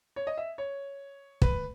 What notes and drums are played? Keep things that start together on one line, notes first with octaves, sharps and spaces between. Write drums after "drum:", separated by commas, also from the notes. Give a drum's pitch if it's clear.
C#5
D#5
E5
C#5
B4, drum: kick